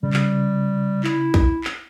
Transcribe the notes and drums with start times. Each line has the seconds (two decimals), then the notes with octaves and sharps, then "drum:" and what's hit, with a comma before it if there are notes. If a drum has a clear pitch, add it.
0.03 C#3 G3
0.13 drum: clap
1.04 E4, drum: clap
1.34 drum: kick A#1
1.64 drum: clap